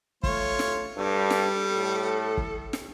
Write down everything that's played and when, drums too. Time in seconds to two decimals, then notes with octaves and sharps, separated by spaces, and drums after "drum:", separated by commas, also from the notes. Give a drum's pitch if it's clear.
0.23 A3 F4 C#5, drum: kick
0.59 drum: snare
0.97 G2 G3 A4
1.30 drum: snare
1.75 A2
2.37 drum: kick
2.73 drum: snare